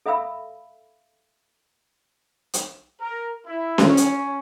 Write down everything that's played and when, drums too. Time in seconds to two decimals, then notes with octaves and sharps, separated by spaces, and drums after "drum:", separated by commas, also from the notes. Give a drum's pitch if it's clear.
0.06 A4 E5 F5 B5 E6
2.54 drum: hi-hat
3.00 A#4
3.46 E4
3.78 drum: snare C#4
3.88 C#4
3.97 drum: hi-hat